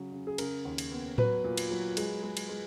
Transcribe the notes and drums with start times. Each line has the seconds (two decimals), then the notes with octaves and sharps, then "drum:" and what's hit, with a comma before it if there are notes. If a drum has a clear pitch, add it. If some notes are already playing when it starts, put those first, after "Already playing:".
Already playing: C#3 F#3
0.12 C#3
0.27 G#4
0.38 C#3 A#4, drum: cymbal
0.65 D#2
0.78 drum: cymbal
0.91 B3
1.18 F#3 B4, drum: tom A2
1.44 A#2
1.57 drum: cymbal
1.71 F#3
1.97 G#3, drum: cymbal
2.23 G#3
2.37 drum: cymbal
2.49 G#3